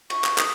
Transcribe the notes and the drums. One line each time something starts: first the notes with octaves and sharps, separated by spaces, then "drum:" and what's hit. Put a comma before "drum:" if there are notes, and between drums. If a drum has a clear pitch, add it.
C#6, drum: cymbal
drum: clap
D#6, drum: clap